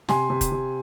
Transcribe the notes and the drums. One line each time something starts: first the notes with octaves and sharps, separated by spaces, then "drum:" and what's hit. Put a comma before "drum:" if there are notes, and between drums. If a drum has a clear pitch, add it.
C3 G#5 C6, drum: snare
C3
drum: kick F1, hi-hat
C3